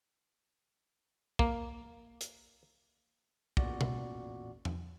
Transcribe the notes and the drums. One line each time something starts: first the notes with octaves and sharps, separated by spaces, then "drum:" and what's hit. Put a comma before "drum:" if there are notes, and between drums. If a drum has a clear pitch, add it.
A#3, drum: kick
drum: hi-hat
A1 E2 A#2 F#4 D5, drum: kick
drum: tom B2
drum: tom E2